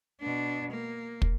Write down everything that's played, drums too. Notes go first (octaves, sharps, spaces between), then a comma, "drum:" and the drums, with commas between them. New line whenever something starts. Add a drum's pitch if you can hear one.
B2 D4
A#3
drum: kick